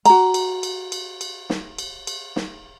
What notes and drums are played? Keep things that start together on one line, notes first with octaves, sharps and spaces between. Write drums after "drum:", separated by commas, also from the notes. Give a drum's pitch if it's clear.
F#4 A#5, drum: cymbal
drum: cymbal
drum: cymbal
drum: cymbal
drum: cymbal
drum: snare
drum: cymbal
drum: cymbal
drum: snare